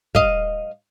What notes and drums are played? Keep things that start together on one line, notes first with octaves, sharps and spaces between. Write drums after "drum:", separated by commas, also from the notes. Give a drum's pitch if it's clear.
D#5 F5, drum: kick